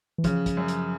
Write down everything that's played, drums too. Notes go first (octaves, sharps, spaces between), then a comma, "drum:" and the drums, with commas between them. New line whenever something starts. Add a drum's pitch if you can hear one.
E3
C#3 F3, drum: kick, hi-hat
drum: kick, hi-hat
F#2
drum: hi-hat